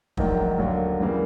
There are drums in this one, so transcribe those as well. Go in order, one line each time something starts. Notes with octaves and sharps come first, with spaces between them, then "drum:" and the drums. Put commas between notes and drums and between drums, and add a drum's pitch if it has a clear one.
A#1 G#2 D#3 F#3 A#3, drum: kick
D#2 D3 F#3 A#3
F#2 C#3 E3 G3 A#3